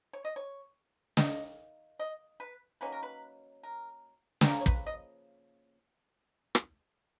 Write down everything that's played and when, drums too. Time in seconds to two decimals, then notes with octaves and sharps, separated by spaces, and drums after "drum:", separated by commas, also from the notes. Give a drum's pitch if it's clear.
0.13 C#5
0.25 D#5
0.36 C#5
1.17 D#3 A#3 D#5, drum: snare
1.99 D#5
2.40 B4
2.81 D#3 F#3 A#3 C#4 B4
2.92 A#4
3.03 B4
3.63 A#4
4.41 G#4, drum: snare
4.46 C#3 F3 A#3 A#4
4.61 C#5
4.66 B4, drum: kick
4.86 D#5
6.55 drum: rim click